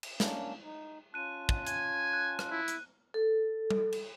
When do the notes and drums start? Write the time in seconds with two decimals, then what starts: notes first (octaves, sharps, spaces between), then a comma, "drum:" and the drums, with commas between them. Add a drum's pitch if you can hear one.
0.03 drum: cymbal
0.20 A#3 C#4 D4, drum: snare
0.63 D#4
1.14 C#4 F4 A5 F#6 D#7
1.49 drum: kick
1.67 G#5, drum: hi-hat
2.13 F#6
2.39 drum: rim click
2.51 E4
2.68 drum: hi-hat
3.14 A4
3.70 drum: tom G3
3.92 drum: cymbal